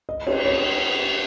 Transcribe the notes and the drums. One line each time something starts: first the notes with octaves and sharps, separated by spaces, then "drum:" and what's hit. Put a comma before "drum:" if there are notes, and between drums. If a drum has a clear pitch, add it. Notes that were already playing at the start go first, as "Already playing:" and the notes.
D#5
C#5, drum: cymbal
C#5